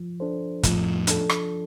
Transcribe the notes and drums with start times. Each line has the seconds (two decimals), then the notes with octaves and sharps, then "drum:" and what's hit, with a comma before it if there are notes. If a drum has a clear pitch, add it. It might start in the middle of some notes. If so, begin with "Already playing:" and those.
Already playing: F3
0.20 D4 A4 C5
0.63 F2 A2 F3, drum: kick, hi-hat
1.07 D4 A4, drum: hi-hat
1.29 drum: rim click